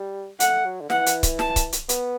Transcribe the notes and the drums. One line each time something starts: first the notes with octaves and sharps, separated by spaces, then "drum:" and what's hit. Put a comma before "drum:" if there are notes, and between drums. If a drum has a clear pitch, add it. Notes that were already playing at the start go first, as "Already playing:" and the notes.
Already playing: G3
A3 F#5, drum: hi-hat
F#3
D3
E3 F#5, drum: snare
drum: hi-hat
drum: kick C#1, hi-hat
A5, drum: snare
drum: kick C#1, hi-hat
drum: hi-hat
B3, drum: hi-hat